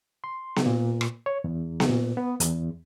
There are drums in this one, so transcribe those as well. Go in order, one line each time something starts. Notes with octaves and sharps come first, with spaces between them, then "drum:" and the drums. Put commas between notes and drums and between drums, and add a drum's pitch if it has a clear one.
C6
drum: snare B3
A#2
drum: rim click
C#5
E2
drum: snare B3
A#2
B3
E2, drum: hi-hat